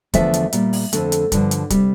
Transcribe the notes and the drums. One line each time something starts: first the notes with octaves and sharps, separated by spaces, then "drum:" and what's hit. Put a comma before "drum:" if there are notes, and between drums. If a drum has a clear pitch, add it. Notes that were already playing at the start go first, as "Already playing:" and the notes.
E2 D3 F3 A3 E5, drum: kick, hi-hat
drum: hi-hat
A#2 G3, drum: hi-hat
drum: open hi-hat
F2 D3 A3, drum: hi-hat
drum: hi-hat
G2 D3 F3, drum: kick, hi-hat
drum: hi-hat
C3 G3, drum: kick, hi-hat